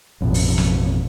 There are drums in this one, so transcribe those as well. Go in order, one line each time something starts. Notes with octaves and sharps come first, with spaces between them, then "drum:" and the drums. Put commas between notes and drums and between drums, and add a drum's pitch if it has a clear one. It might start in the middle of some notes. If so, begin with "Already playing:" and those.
A1 F2 B2
drum: open hi-hat
drum: snare